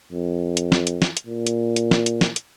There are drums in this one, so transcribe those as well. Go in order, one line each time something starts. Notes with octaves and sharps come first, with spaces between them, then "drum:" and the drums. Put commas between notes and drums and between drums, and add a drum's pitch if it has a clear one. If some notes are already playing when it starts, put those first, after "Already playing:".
F2
drum: hi-hat
drum: snare
drum: hi-hat
drum: snare
drum: hi-hat
A#2
drum: hi-hat
drum: hi-hat
drum: snare
drum: hi-hat
drum: snare
drum: hi-hat